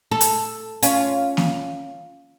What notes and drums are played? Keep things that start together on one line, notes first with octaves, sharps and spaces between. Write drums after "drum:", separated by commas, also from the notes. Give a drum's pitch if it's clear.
A4
drum: hi-hat
C#4 F4, drum: hi-hat
drum: snare A#3